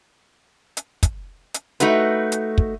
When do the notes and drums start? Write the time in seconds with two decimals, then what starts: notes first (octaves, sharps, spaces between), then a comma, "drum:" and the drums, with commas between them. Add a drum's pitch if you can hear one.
0.77 drum: hi-hat
1.03 drum: kick, hi-hat
1.54 drum: hi-hat
1.80 A3 D#4 F#4 B4, drum: hi-hat
2.32 drum: hi-hat
2.58 drum: kick